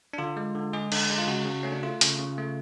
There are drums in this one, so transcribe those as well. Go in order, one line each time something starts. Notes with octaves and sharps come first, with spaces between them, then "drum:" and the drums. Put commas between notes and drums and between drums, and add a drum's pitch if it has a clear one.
D4
D3 F4
G#3
D3
G#3 G#4
D3, drum: cymbal
G#3
F4
C#3 F#4
C#3
A3 C#4
D4
A3 F4
C#3, drum: hi-hat
C#3
A3